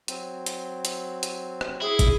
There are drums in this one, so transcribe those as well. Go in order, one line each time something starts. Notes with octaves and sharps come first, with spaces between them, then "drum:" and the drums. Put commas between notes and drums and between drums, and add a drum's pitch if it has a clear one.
F#3 C4, drum: hi-hat
drum: hi-hat
drum: hi-hat
drum: hi-hat
drum: rim click
E4 G#4
drum: kick, hi-hat